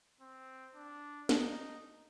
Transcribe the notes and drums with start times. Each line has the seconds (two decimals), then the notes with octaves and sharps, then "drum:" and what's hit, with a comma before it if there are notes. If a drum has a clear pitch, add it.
0.21 C4
0.75 D4
1.29 D#4, drum: snare